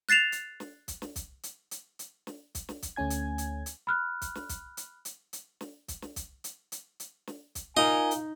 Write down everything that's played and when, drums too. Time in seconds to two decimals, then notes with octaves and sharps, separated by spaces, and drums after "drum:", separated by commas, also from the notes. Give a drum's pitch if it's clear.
0.09 F#6 A6 C7 E7 F7
0.32 drum: hi-hat
0.60 drum: snare
0.88 drum: kick, hi-hat
1.02 drum: snare
1.16 drum: kick, hi-hat
1.43 drum: hi-hat
1.71 drum: hi-hat
1.99 drum: hi-hat
2.27 drum: snare
2.55 drum: kick, hi-hat
2.69 drum: snare
2.82 drum: kick, hi-hat
2.96 D2 A3 C#4 G#5 G#6
3.10 drum: hi-hat
3.38 drum: hi-hat
3.66 drum: hi-hat
3.87 B5 F6 F#6
4.22 drum: kick, hi-hat
4.35 drum: snare
4.49 drum: kick, hi-hat
4.77 drum: hi-hat
5.05 drum: hi-hat
5.33 drum: hi-hat
5.61 drum: snare
5.88 drum: kick, hi-hat
6.02 drum: snare
6.16 drum: kick, hi-hat
6.44 drum: hi-hat
6.72 drum: hi-hat
7.00 drum: hi-hat
7.27 drum: snare
7.55 drum: kick, hi-hat
7.77 D#4 F4 A#4 D#5 G#5
8.11 drum: hi-hat